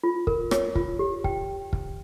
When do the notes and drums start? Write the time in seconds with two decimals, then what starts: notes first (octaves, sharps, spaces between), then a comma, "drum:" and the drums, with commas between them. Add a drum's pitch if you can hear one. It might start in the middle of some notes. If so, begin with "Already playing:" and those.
0.03 F4
0.27 A#4, drum: kick
0.51 C#5, drum: rim click
0.75 F4, drum: kick
0.99 G4
1.24 G5, drum: kick
1.73 drum: kick